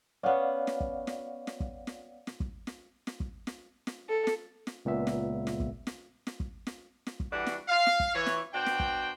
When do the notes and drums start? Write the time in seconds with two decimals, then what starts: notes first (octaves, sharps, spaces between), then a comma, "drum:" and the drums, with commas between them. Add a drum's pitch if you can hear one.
0.23 B3 C#4 D5 F5 F#5
0.67 drum: snare
0.81 drum: kick
1.07 drum: snare
1.47 drum: snare
1.60 drum: kick
1.87 drum: snare
2.27 drum: snare
2.40 drum: kick
2.67 drum: snare
3.07 drum: snare
3.20 drum: kick
3.47 drum: snare
3.87 drum: snare
4.09 A4
4.27 drum: snare
4.67 drum: snare
4.85 C#2 A#2 B3 E5
5.07 drum: snare
5.47 drum: snare
5.60 drum: kick
5.87 drum: snare
6.27 drum: snare
6.40 drum: kick
6.67 drum: snare
7.07 drum: snare
7.20 drum: kick
7.32 E3 G3 D4 F#4
7.46 drum: snare
7.68 F5
7.86 drum: snare
8.00 drum: kick
8.15 E3 C#5
8.26 drum: snare
8.53 B2 D4 F#4 C5 G5
8.66 drum: snare
8.80 drum: kick